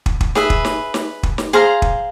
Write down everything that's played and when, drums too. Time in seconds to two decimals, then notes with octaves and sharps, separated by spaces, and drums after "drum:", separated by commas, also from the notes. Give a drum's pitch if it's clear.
0.06 drum: kick
0.21 drum: kick
0.35 G#4 B4 E5, drum: snare
0.50 drum: kick
0.65 drum: snare
0.94 drum: snare
1.23 drum: kick
1.38 drum: snare
1.53 G#4 C5 F5 A#5
1.82 drum: kick